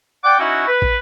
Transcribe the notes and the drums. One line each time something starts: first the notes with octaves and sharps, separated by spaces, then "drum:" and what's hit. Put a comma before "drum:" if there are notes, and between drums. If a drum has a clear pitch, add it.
D5 F#5 G5 D6
C#4 D#4 E4 F#4
B4
drum: kick